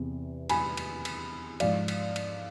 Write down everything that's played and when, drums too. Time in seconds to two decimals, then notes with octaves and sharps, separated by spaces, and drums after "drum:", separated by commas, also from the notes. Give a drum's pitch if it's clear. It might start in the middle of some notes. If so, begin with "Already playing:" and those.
Already playing: E2 C3
0.50 G#5 B5, drum: cymbal
0.77 drum: cymbal
1.05 drum: cymbal
1.60 G#2 F3 D5 F5, drum: cymbal
1.88 drum: cymbal
2.16 drum: cymbal